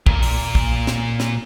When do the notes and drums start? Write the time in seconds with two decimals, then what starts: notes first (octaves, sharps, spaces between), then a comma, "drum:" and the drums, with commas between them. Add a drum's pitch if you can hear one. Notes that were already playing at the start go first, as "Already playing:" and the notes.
0.06 A#2 A#4, drum: kick
0.23 drum: open hi-hat
0.55 drum: kick
0.87 drum: snare
1.20 drum: snare